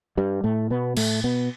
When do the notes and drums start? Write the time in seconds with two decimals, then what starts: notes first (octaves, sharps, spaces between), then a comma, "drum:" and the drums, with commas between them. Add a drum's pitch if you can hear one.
0.17 G2 G3
0.44 A2 A3
0.70 B2 B3
0.97 A2 A3, drum: cymbal
1.24 B2 B3